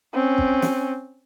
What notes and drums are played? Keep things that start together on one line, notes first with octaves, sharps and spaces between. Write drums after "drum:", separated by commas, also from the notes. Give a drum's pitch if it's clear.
C4 C#4
drum: kick
drum: snare